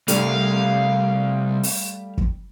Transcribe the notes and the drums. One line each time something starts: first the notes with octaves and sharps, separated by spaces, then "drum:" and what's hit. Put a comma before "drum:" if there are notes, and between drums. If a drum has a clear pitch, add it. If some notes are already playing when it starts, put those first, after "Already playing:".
C2 G3 A3 G4 F5, drum: hi-hat
drum: open hi-hat
drum: kick